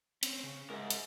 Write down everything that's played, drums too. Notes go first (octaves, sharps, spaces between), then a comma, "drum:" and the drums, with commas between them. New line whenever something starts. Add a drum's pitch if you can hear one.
C4 C#4, drum: hi-hat
C#3
G#2 A#4 E5
drum: hi-hat